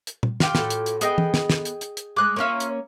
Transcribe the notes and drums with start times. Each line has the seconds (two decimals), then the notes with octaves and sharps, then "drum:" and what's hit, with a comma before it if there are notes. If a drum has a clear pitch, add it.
0.07 drum: hi-hat
0.23 drum: tom A#2
0.40 F4 G4 G5, drum: snare
0.55 A2 F#4 A4, drum: snare
0.70 drum: hi-hat
0.86 drum: hi-hat
1.01 B3 G#4 A4 D#5 G5, drum: hi-hat
1.18 drum: tom E3
1.34 drum: snare
1.50 drum: snare
1.65 drum: hi-hat
1.81 drum: hi-hat
1.97 drum: hi-hat
2.16 G#3 G#4 D6 F#6
2.36 A#3 C#4 F4 C#5 E5
2.60 drum: hi-hat